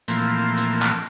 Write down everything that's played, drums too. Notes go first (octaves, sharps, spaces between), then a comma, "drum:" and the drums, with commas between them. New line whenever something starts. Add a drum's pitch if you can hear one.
A#2 E3 F3 A3 A#3 C4, drum: hi-hat
drum: hi-hat
drum: clap